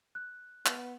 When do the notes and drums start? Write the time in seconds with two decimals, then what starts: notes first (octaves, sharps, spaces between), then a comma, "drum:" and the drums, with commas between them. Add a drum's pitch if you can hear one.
0.15 F#6
0.66 B3, drum: clap